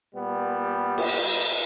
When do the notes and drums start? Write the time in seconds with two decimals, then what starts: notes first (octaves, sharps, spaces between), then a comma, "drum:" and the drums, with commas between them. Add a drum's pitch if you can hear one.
0.15 A#2 G3 B3
0.98 drum: cymbal